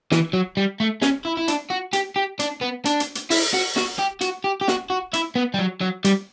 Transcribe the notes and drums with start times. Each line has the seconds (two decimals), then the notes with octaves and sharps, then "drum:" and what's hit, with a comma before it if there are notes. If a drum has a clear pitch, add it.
0.12 E3, drum: snare
0.33 F#3
0.57 G3
0.80 A3
1.02 C#4, drum: snare
1.25 E4
1.37 E4
1.48 D4, drum: hi-hat
1.70 F#4
1.93 G4, drum: hi-hat
2.16 G4
2.39 D4, drum: hi-hat
2.61 B3
2.85 D4, drum: hi-hat
3.00 drum: hi-hat
3.15 drum: hi-hat
3.31 E4, drum: open hi-hat
3.54 F#4
3.76 F#4, drum: snare
3.99 G4
4.21 F#4, drum: hi-hat
4.44 G4
4.61 G4
4.68 F#4, drum: snare
4.90 F#4
5.13 E4, drum: hi-hat
5.35 B3
5.54 G3
5.59 F#3
5.81 F#3
6.05 G3, drum: hi-hat